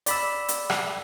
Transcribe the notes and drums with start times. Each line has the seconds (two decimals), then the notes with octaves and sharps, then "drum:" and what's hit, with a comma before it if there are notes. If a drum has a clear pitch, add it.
0.06 D5 B5 E6, drum: hi-hat
0.49 drum: hi-hat
0.70 drum: rim click